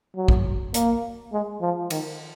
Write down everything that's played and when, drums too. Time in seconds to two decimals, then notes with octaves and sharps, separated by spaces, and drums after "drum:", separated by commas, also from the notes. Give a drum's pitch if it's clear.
0.16 F#3
0.28 drum: kick
0.74 A#3, drum: hi-hat
1.32 G#3
1.61 F3
1.90 D#3, drum: cymbal